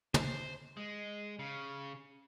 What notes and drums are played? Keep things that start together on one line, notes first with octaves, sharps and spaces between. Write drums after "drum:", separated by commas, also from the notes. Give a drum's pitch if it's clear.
C5, drum: tom
G#3
C#3